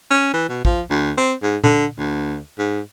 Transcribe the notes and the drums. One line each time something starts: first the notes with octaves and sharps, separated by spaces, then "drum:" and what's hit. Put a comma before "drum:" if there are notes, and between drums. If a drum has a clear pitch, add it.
C#4
E3
B2
F3, drum: kick
D2
C4
G#2
D3, drum: tom A#2
D2
G#2